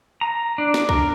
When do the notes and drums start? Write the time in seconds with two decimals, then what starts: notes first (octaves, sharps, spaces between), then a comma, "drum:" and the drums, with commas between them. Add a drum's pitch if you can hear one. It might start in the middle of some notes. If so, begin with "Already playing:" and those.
0.21 A#5
0.58 D4
0.74 drum: snare
0.89 A#4, drum: kick